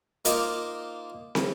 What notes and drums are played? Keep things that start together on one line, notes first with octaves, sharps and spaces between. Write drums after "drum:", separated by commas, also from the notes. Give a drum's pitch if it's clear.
A#3 D#4 F4 A#4 C5 D5, drum: hi-hat
drum: snare